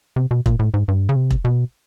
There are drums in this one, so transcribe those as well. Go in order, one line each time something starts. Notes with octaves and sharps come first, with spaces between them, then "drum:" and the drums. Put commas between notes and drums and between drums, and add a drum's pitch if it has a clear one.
C3
B2
A#2, drum: kick E1
A2
G#2
G2
C#3
C3
drum: kick E1
B2